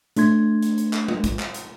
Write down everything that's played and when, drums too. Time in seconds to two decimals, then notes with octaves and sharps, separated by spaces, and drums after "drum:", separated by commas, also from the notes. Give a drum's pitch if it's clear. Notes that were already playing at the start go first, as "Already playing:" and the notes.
0.17 A3 D4 C6 G#6, drum: hi-hat
0.63 drum: hi-hat
0.78 drum: hi-hat
0.93 drum: clap
1.08 drum: tom G#3
1.24 drum: kick, hi-hat
1.39 drum: clap
1.54 drum: hi-hat